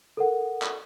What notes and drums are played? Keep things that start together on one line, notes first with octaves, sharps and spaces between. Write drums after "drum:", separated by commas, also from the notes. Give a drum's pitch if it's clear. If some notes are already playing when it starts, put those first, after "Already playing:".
A4 A#4 F#5
drum: clap